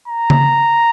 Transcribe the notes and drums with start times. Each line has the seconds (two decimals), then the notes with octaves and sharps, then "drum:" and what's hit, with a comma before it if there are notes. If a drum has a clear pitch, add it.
0.08 A#5
0.30 drum: tom C#3